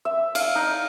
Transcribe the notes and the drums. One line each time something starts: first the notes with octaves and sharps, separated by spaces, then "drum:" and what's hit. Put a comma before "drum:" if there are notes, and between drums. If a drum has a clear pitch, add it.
E5
F5, drum: cymbal
D#4